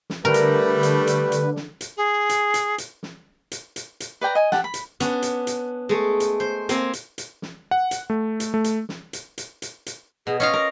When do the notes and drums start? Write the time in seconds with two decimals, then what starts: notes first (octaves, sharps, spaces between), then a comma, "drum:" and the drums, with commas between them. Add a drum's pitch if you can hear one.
0.10 drum: snare
0.25 D3 G3 A3 A#4 B4
0.34 drum: hi-hat
0.83 drum: hi-hat
1.07 drum: hi-hat
1.32 drum: hi-hat
1.56 drum: snare
1.81 drum: hi-hat
1.97 G#4
2.29 drum: hi-hat
2.54 drum: hi-hat
2.78 drum: hi-hat
3.03 drum: snare
3.52 drum: hi-hat
3.76 drum: hi-hat
4.00 drum: hi-hat
4.21 B4 D5 G5 A#5
4.35 D#5 G#5
4.52 G4 A4 F#5, drum: snare
4.64 B5
4.74 drum: hi-hat
5.00 B3 C#4 D4, drum: hi-hat
5.22 drum: hi-hat
5.47 drum: hi-hat
5.89 G#3 A3
6.20 drum: hi-hat
6.40 C5
6.69 A#3 C4 G#5, drum: hi-hat
6.93 drum: hi-hat
7.18 drum: hi-hat
7.42 drum: snare
7.71 F#5
7.91 drum: hi-hat
8.10 A3
8.40 drum: hi-hat
8.54 A3
8.64 drum: hi-hat
8.89 drum: snare
9.13 drum: hi-hat
9.38 drum: hi-hat
9.62 drum: hi-hat
9.86 drum: hi-hat
10.27 B2 G#4
10.40 C#4 F4 D#5 F5
10.53 A#4